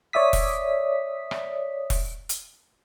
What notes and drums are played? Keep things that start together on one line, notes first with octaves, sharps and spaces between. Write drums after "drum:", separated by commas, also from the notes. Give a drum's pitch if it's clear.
C#5 D5 E5 D#6 B6
drum: kick E1, open hi-hat
drum: rim click
drum: kick E1, open hi-hat
drum: hi-hat